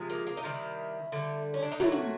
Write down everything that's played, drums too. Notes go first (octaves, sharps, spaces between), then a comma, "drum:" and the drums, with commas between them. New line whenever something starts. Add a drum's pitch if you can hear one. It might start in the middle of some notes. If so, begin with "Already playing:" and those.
Already playing: C3 F3 G#3
A#3
A#3
D#4
C3 D#3 G3 E4
D3 G3
C#4
D4
D#4
A#2 F#3 A3 E4, drum: tom
F#4